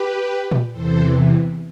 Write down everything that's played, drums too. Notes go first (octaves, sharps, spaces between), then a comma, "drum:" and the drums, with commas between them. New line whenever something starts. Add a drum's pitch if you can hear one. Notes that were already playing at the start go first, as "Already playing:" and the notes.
Already playing: G4 B4
drum: tom A#2
E2 C3 E3 A4 C5